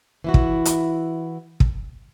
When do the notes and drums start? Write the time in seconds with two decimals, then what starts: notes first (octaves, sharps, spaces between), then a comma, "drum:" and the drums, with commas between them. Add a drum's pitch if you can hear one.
0.24 E3 E4 F#4
0.34 drum: kick
0.65 drum: hi-hat
1.60 drum: kick